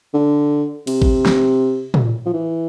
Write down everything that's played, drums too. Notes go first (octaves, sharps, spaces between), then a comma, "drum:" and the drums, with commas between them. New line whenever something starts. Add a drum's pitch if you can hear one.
D3
C3, drum: cymbal
drum: kick A1
drum: snare
drum: tom
F3
E3